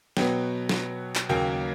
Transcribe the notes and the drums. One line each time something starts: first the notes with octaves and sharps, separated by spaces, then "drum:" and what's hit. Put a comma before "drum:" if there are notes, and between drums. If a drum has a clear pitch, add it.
B2 F#3 B3 G5, drum: snare
drum: snare
drum: clap
D#2 C#3 F#3 A#3 G5